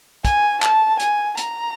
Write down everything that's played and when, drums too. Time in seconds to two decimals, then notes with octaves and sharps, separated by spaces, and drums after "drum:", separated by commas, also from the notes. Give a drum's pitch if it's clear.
0.25 G#5, drum: kick, hi-hat
0.62 A5, drum: clap
1.00 G#5, drum: hi-hat
1.37 A#5, drum: hi-hat